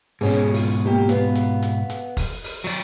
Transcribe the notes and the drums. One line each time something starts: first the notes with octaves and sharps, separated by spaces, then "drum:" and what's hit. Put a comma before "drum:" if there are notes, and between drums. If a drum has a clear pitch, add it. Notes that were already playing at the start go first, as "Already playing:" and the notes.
G#2 B2 C#4 G#4
F4, drum: open hi-hat
A#3 G4
B3 F5, drum: hi-hat
drum: hi-hat
drum: hi-hat
drum: hi-hat
drum: kick, open hi-hat
drum: open hi-hat
F#3 D5